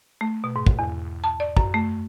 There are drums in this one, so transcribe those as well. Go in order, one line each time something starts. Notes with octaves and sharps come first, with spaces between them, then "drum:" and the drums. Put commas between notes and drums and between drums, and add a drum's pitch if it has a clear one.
A3
B2
G#2
drum: kick
E2
A5
D5
F#2, drum: kick
A3